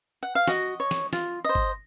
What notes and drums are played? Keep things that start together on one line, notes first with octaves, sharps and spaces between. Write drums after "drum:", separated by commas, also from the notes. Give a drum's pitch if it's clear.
F#5
F5
F#4 D#5, drum: snare
C#5
drum: snare
F4, drum: snare
C5 D#5
drum: kick G#1